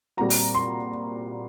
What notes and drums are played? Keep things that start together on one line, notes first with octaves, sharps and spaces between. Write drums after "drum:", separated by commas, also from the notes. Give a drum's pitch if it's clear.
A#2 G3 C4 F#4 A#5
drum: open hi-hat
C6